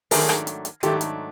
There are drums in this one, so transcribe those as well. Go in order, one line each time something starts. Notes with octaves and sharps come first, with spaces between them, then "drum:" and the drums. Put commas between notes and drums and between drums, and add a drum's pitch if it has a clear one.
G#2 D#3 F#3 A3 D4 G#4 A#4, drum: open hi-hat
drum: rim click
drum: hi-hat
drum: hi-hat
G#2 D#3 F#3 A3 D4 G4 A4, drum: hi-hat
drum: hi-hat